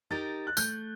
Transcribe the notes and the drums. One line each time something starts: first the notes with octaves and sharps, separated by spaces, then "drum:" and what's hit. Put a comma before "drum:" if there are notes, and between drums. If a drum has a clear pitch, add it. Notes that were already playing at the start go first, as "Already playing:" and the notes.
D#4 G4 A#4 A6
F#6
A3 G6, drum: tambourine